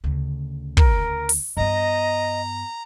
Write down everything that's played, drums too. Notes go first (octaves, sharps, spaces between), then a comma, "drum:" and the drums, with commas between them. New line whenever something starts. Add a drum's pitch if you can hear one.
D2 C#3
A#4, drum: kick
drum: open hi-hat
G2 B3 D#5 A#5